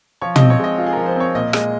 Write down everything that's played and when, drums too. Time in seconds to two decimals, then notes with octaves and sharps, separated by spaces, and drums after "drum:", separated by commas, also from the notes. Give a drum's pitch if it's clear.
0.22 F3 C#5
0.36 D#5, drum: tom
0.41 C4
0.50 C#5
0.59 G#3 D#5
0.78 F4
0.87 G#4
0.93 F3 A#4
1.06 C5
1.16 C4 C#5
1.35 A#2 D#5
1.53 G#3 D#5, drum: rim click